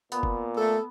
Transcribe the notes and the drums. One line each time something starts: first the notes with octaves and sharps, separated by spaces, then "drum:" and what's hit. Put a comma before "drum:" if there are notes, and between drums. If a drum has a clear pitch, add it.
A#2 B3, drum: hi-hat
drum: kick
A3 A4